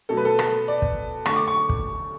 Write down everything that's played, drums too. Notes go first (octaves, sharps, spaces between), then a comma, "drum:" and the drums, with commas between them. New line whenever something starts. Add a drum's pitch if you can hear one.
B2 F#3 A3 A4
B4
A4
A4, drum: rim click
D5
drum: kick
D3 A3 C#6, drum: rim click
D6
C#6
drum: kick